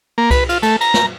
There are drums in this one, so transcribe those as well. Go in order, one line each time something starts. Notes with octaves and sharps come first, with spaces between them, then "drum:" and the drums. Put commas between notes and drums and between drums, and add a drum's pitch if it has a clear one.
A#3
B4, drum: kick C2, cymbal
F4, drum: cymbal
A3, drum: cymbal
A#5, drum: cymbal
drum: snare